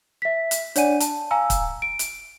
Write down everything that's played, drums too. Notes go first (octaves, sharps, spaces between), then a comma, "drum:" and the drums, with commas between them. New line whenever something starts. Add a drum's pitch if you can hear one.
E5 B6
drum: hi-hat
D4 C#5 D5 F#5 G#5 D#7, drum: hi-hat
A5, drum: hi-hat
F5 G#5 A#5 E6
drum: kick, hi-hat
D7
drum: hi-hat